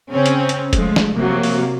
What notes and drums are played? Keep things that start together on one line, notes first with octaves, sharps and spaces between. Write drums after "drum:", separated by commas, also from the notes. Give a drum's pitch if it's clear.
C#3 C4 C#4
drum: hi-hat
drum: hi-hat
F3 G#3 A3, drum: kick F1, hi-hat
drum: snare
C3 F3 F#3 A#3
drum: open hi-hat